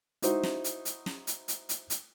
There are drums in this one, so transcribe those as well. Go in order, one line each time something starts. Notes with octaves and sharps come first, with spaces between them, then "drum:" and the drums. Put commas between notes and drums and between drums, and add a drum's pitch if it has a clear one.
D#4 E4 F#4 C5, drum: hi-hat
drum: snare
drum: hi-hat
drum: hi-hat
drum: snare
drum: hi-hat
drum: hi-hat
drum: hi-hat
drum: hi-hat